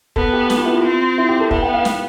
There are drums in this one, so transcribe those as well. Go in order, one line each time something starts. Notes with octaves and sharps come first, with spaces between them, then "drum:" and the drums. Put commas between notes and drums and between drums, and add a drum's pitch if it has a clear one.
B3 A4, drum: kick
G4
G4, drum: snare
F4
E4
F4
C4
E4
G4
A4
B3 E5, drum: kick
G5
F5
drum: snare